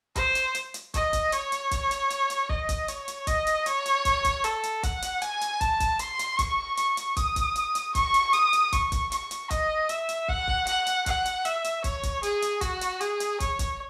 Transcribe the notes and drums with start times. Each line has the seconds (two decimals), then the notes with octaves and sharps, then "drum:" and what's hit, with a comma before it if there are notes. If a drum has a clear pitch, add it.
0.16 C5, drum: kick, hi-hat
0.35 drum: hi-hat
0.55 drum: hi-hat
0.74 drum: hi-hat
0.94 D#5, drum: kick, hi-hat
1.13 drum: kick, hi-hat
1.32 C#5, drum: hi-hat
1.52 drum: hi-hat
1.71 drum: kick, hi-hat
1.91 drum: hi-hat
2.10 drum: hi-hat
2.30 drum: hi-hat
2.49 D#5, drum: kick
2.69 drum: kick, hi-hat
2.88 C#5, drum: hi-hat
3.08 drum: hi-hat
3.27 D#5, drum: kick, hi-hat
3.47 drum: hi-hat
3.66 C#5, drum: hi-hat
3.86 drum: hi-hat
4.05 drum: kick, hi-hat
4.25 drum: kick, hi-hat
4.44 A4, drum: hi-hat
4.63 drum: hi-hat
4.83 F#5, drum: kick, hi-hat
5.02 drum: hi-hat
5.22 G#5, drum: hi-hat
5.41 drum: hi-hat
5.61 A5, drum: kick, hi-hat
5.80 drum: kick, hi-hat
5.99 C6, drum: hi-hat
6.19 drum: hi-hat
6.39 C#6, drum: kick, hi-hat
6.77 C#6, drum: hi-hat
6.97 drum: hi-hat
7.17 D#6, drum: kick, hi-hat
7.36 drum: kick, hi-hat
7.56 drum: hi-hat
7.75 drum: hi-hat
7.95 C#6, drum: kick, hi-hat
8.14 drum: hi-hat
8.33 D#6, drum: hi-hat
8.53 drum: hi-hat
8.72 C#6, drum: kick, hi-hat
8.92 drum: kick, hi-hat
9.12 C#6, drum: hi-hat
9.31 drum: hi-hat
9.50 D#5, drum: kick, hi-hat
9.89 E5, drum: hi-hat
10.09 drum: hi-hat
10.28 F#5, drum: kick
10.48 drum: kick
10.67 F#5, drum: hi-hat
10.87 drum: hi-hat
11.06 F#5, drum: kick, hi-hat
11.25 drum: hi-hat
11.45 E5, drum: hi-hat
11.64 drum: hi-hat
11.84 C#5, drum: kick, hi-hat
12.03 drum: kick, hi-hat
12.23 G#4, drum: hi-hat
12.42 drum: hi-hat
12.61 F#4, drum: kick, hi-hat
12.81 drum: hi-hat
13.01 G#4, drum: hi-hat
13.20 drum: hi-hat
13.40 C#5, drum: kick, hi-hat
13.59 drum: kick, hi-hat